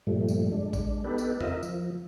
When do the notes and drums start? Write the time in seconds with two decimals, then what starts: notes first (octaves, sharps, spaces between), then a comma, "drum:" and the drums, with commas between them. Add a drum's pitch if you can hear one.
0.07 G2 A#2 F3 G3 A3
0.28 drum: tambourine
0.52 G#3 D4
0.73 drum: kick A1, tambourine
1.04 B3 D#4 G4 A4 B4
1.18 drum: tambourine
1.41 C4 F4 A#4 D#5 E5, drum: tom E2
1.63 F3, drum: tambourine